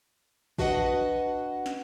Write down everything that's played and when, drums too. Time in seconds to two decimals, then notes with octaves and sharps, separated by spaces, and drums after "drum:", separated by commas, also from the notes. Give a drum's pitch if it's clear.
0.58 D4 F#4 B4 D#5 E5 F#5, drum: kick
1.66 drum: snare